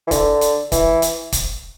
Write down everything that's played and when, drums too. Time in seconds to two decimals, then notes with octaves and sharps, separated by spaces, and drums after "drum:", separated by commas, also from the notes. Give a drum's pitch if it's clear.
0.07 E3
0.11 D3, drum: kick, hi-hat
0.41 drum: hi-hat
0.72 E3, drum: kick, hi-hat
1.02 drum: hi-hat
1.32 drum: kick, hi-hat